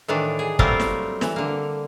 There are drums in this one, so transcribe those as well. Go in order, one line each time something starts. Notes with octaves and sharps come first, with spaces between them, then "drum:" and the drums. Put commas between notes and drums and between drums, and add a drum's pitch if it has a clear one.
A2 D#3 E3 D4
G#4
F#3 G3 A3 C4 F4 A#4, drum: kick
drum: snare
E3, drum: snare
D3 A#3